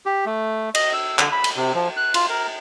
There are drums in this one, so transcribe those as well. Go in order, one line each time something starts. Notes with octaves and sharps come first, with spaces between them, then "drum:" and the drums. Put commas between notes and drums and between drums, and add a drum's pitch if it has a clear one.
G4
A3
D#5, drum: cymbal
E6
D3, drum: clap
B5
drum: cymbal
C3
F3
F#6
F4, drum: cymbal
A#4